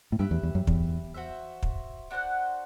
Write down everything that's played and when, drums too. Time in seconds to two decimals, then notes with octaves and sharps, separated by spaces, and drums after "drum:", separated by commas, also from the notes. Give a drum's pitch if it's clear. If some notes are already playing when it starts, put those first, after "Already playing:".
0.12 A2
0.19 G2 G4 B4 E5
0.31 E2
0.43 E2
0.55 F#2
0.67 E2, drum: kick
1.14 F#4 C5 E5
1.63 drum: kick
2.11 D4 F#4 C5 F#5